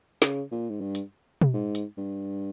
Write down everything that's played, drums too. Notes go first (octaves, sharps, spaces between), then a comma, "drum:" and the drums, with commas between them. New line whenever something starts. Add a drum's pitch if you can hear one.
C#3, drum: snare
A#2
G#2
G2
drum: hi-hat
drum: tom
G#2
drum: hi-hat
G2